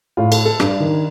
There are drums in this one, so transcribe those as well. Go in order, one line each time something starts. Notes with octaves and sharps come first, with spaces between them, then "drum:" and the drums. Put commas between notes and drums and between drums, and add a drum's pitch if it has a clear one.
A2 F4
A4, drum: cymbal
A4
G2 D4, drum: rim click
D#3